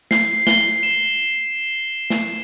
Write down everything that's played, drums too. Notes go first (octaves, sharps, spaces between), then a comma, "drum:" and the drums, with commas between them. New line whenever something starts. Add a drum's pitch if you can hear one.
C7, drum: snare A3
G7, drum: snare A3
E7
drum: snare A3